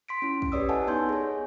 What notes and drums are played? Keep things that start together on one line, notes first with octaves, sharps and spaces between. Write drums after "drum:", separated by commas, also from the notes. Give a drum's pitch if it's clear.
C6 B6 D7
C#4 E4
drum: kick
G4 B4 C#5 D5 D#6 E6
A4 B4 D#5 F#5 G#5 A5
B3 D#4 G#5 C6 G6
G#4 C#5